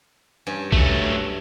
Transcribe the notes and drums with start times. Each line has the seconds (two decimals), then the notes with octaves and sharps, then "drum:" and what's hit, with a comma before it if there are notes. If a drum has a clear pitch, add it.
0.47 G2 C#4
0.72 F#3 A3, drum: kick